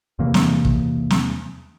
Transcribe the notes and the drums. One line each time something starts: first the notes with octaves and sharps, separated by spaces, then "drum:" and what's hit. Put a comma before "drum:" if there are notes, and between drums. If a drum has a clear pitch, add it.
E2 C3 E3 A#3
drum: snare
drum: kick
drum: snare